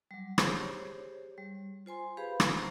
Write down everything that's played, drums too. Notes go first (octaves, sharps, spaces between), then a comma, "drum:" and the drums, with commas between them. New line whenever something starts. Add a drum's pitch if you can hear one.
F#3 G3
G4 G#4 C5 C#5, drum: rim click
G3
F4 C5 G#5 C6
G4 G#4 B4 C5 F5 B5
drum: rim click
C5 A#5